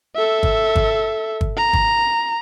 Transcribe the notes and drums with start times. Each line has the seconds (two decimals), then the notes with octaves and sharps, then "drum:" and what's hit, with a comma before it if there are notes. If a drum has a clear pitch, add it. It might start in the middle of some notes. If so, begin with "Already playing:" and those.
0.16 A4 E5
0.43 drum: kick
0.76 drum: kick
1.41 drum: kick
1.57 A#5
1.73 drum: kick